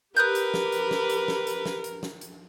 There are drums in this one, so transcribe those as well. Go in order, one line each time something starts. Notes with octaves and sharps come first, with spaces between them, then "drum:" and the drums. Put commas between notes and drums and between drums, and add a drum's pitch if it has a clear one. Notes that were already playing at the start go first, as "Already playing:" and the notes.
G4 A#4 B4 D#6 F#6 G6
drum: hi-hat
drum: snare
drum: hi-hat
drum: snare
drum: hi-hat
drum: snare
drum: hi-hat
drum: snare
drum: hi-hat
drum: snare
drum: hi-hat